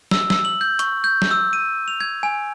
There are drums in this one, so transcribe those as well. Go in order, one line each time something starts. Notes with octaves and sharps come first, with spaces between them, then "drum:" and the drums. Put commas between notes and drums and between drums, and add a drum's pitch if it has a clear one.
E6, drum: snare
E6, drum: snare
F#7
G6
C#6, drum: hi-hat
G6
drum: snare
E6
D#7
F7
G#6
G#5